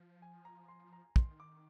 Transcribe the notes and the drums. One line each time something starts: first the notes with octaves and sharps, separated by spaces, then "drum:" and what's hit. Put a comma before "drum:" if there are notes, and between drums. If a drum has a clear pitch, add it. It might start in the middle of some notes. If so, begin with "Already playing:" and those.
Already playing: F3
G#5
A#5
C6
A#5
D#3 C6, drum: kick
D6